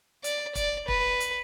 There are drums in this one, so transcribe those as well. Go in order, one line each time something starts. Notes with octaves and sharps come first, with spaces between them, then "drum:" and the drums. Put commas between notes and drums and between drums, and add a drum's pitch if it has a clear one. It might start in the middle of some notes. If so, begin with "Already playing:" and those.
D5, drum: hi-hat
D5, drum: kick, hi-hat
B4, drum: kick
drum: hi-hat